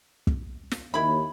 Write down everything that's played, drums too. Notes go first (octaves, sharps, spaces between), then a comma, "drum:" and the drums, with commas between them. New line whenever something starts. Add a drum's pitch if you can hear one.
drum: kick
drum: snare
D#2 E4 B5